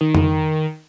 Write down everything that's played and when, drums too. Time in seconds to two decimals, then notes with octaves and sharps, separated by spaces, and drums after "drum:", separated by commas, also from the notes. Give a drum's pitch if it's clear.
0.01 D#3
0.15 drum: tom F2